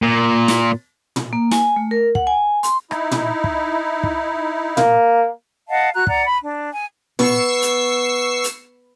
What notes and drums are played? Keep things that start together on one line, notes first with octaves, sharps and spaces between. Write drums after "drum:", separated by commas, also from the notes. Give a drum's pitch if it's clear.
A#2
drum: snare
drum: tom
A#3
G#5, drum: snare
A3
A#4
F#5, drum: kick
G#5
C6, drum: hi-hat
D#4 E4, drum: rim click
drum: tom
drum: kick
drum: kick
A#3, drum: tom
D#5 F5 F#5 A5
F#4 A#5 F#6
D5 F#5 A#5, drum: kick
B5
D4
G#5
B3 C#6 E6 C7, drum: tom
drum: hi-hat
drum: hi-hat